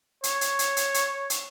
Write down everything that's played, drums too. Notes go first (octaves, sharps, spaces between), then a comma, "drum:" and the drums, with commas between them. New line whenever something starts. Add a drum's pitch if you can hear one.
C#5, drum: hi-hat
drum: hi-hat
drum: hi-hat
drum: hi-hat
drum: hi-hat
drum: hi-hat